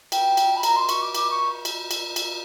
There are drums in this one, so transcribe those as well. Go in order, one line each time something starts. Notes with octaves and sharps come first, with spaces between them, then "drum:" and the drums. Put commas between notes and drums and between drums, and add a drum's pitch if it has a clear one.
G5, drum: cymbal
drum: cymbal
B5
A#5, drum: cymbal
C6
C#6, drum: cymbal
D6
D6, drum: cymbal
C#6
drum: cymbal
drum: cymbal
drum: cymbal